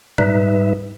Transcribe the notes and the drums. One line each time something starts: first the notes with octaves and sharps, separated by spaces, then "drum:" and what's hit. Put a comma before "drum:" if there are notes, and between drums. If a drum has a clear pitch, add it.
G#2 G3 D#4 B4 E5, drum: tom A#2